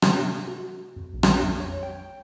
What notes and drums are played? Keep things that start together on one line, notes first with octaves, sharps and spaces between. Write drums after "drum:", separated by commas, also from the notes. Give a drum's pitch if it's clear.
C3, drum: rim click
F#4
F2
A#1
drum: rim click
F2
C#5
G5